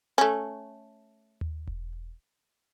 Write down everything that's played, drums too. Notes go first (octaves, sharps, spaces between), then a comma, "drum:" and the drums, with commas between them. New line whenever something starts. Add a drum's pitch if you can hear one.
A3 C#4
drum: tom D#2
drum: kick E1